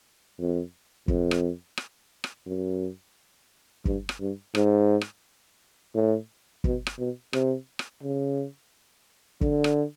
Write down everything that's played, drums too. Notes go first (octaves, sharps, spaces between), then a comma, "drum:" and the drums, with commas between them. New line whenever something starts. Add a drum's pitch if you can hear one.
F2
F2, drum: kick
drum: rim click
drum: rim click
drum: rim click
F#2
G2, drum: kick
drum: rim click
G2
G#2, drum: rim click
drum: rim click
A2
B2, drum: kick
drum: rim click
B2
C3, drum: rim click
drum: rim click
C#3
D3, drum: kick
drum: rim click